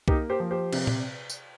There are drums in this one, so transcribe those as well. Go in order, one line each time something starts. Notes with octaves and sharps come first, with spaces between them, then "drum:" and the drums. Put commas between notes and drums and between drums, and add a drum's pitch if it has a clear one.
A#3 D#4 G4, drum: kick C2
G4 C5
F3
G4 C5
C3, drum: cymbal
drum: tom A#2
drum: tambourine